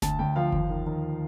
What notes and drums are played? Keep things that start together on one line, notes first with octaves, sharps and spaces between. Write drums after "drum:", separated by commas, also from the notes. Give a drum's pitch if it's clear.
D2 A5, drum: snare F#1
D2 G5
F3 F5
D#2, drum: kick F#1
D#3
D#3